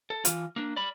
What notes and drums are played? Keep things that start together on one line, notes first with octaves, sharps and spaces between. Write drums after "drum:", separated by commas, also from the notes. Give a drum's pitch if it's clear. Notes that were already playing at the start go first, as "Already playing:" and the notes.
A4
E3 F4, drum: hi-hat
A#3 D4
D5 B5